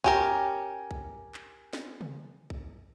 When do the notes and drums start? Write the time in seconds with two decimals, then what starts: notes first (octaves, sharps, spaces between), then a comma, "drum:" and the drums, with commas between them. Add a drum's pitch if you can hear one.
0.04 C#4 G4 A#4, drum: kick
0.91 drum: kick
1.34 drum: clap
1.73 drum: snare
2.01 drum: tom
2.50 drum: kick